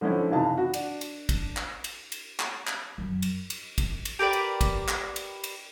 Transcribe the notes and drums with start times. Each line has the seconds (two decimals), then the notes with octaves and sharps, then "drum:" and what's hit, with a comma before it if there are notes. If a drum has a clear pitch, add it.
0.01 D3 F3 C4 C#4 E4
0.31 F#1 C3 E3 D#4 F5 A5
0.57 F#4
0.74 D4, drum: cymbal
1.01 drum: cymbal
1.29 drum: kick, cymbal
1.57 drum: clap
1.84 drum: cymbal
2.12 drum: cymbal
2.40 drum: clap
2.67 drum: clap
2.98 F#2
3.22 drum: cymbal
3.50 drum: cymbal
3.78 drum: kick, cymbal
4.05 drum: cymbal
4.19 G4 A#4 B4 D5
4.33 drum: cymbal
4.61 drum: kick, cymbal
4.88 drum: clap
5.16 drum: cymbal
5.44 drum: cymbal